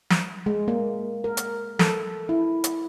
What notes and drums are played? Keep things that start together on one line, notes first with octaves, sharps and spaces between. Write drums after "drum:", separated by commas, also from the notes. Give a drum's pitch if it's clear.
drum: snare
G#3
A#3
A#4
drum: hi-hat
A4, drum: snare
E4
drum: hi-hat